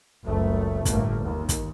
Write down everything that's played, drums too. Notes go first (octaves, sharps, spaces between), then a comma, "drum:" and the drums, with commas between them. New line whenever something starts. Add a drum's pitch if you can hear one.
F#1 C#2 A3
G1 A2 A3 A#3, drum: kick, hi-hat
D#2
drum: kick, hi-hat